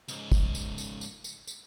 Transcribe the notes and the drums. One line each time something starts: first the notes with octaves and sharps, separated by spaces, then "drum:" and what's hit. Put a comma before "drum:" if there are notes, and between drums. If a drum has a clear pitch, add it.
C#2 G#2, drum: tambourine
drum: kick, tambourine
drum: tambourine
drum: tambourine
drum: tambourine
drum: tambourine
drum: tambourine